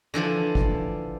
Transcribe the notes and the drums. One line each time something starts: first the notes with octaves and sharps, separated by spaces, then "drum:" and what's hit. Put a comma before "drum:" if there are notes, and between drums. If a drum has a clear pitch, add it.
D3 E3 F3 D4
drum: kick G#1